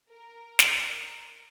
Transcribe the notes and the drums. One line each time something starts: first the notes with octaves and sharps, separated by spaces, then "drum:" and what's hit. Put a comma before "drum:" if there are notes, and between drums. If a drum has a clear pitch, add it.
A#4
drum: snare